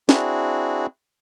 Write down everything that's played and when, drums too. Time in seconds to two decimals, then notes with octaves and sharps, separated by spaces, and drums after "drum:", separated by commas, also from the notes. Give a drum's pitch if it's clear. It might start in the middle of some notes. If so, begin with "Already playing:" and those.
0.09 C4 D4 E4 F#4 G#4, drum: snare